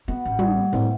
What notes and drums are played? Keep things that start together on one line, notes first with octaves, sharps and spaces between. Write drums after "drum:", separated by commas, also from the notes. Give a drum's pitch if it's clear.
B3 F#4 F#5 B5
A1
G3, drum: tom
C2 A2 A#3 C4 E4